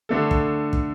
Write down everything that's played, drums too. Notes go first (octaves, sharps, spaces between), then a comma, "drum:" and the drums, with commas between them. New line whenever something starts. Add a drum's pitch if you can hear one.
D3 A3 D4 A4
drum: kick
drum: kick